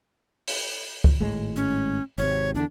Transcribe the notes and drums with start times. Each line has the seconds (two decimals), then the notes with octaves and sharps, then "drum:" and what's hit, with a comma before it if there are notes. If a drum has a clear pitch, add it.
0.48 drum: open hi-hat
1.04 drum: kick C#2
1.20 G#1 A2 G#3
1.56 C#4
2.18 G#1 C3 C#5
2.55 E2 B2 D3 D4